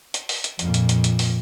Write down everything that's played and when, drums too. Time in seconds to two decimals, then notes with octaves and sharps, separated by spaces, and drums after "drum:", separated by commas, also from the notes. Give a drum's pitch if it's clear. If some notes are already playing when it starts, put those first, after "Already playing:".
0.14 drum: hi-hat
0.29 drum: open hi-hat
0.44 drum: hi-hat
0.59 F2 A#2, drum: hi-hat
0.74 drum: hi-hat
0.89 drum: hi-hat
1.04 drum: hi-hat
1.19 drum: open hi-hat